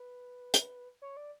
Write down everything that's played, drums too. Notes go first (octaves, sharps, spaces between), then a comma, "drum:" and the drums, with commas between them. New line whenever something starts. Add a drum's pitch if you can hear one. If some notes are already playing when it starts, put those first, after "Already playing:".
Already playing: B4
drum: hi-hat
C#5
D5